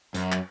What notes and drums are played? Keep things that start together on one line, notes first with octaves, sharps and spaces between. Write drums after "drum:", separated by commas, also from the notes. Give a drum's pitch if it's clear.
F#2, drum: hi-hat
drum: clap